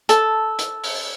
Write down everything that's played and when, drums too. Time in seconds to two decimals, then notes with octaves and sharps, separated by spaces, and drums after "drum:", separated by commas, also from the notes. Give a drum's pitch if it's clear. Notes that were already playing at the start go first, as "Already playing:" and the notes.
0.09 A4, drum: hi-hat
0.59 drum: hi-hat
0.84 drum: open hi-hat